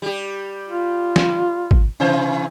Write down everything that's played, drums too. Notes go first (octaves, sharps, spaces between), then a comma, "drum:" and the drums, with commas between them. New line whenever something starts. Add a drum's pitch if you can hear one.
G3 G4
F4
drum: snare
drum: kick G#1
C3 E3 C5